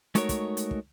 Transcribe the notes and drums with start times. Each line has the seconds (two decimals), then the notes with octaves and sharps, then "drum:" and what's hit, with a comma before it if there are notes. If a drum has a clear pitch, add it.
0.15 G#3 A3 D#4 F#4 A#4 C#5, drum: hi-hat
0.29 drum: kick, hi-hat
0.57 drum: hi-hat
0.71 drum: kick